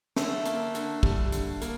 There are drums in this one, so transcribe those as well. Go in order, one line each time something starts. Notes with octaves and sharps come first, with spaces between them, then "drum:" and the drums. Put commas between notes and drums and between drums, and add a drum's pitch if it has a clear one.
D3 A3, drum: snare
A#3, drum: hi-hat
D3, drum: hi-hat
G3, drum: kick
D3, drum: hi-hat
A#3, drum: hi-hat